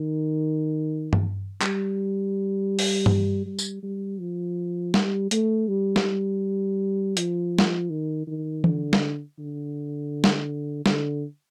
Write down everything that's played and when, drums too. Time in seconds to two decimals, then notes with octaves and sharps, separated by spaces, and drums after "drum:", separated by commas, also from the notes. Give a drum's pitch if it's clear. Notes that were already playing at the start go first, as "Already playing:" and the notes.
Already playing: D#3
1.13 drum: tom G2
1.62 G3, drum: clap
2.79 drum: open hi-hat
3.06 drum: tom G2
3.46 G3
3.59 drum: tambourine
3.83 G3
4.20 F3
4.94 G3, drum: snare
5.31 A3, drum: hi-hat
5.68 G3
5.96 drum: snare
7.17 F3, drum: hi-hat
7.59 drum: snare
7.90 D#3
8.27 D#3
8.64 D3, drum: tom E3
8.93 drum: snare
9.39 D3
10.24 drum: snare
10.86 D3, drum: snare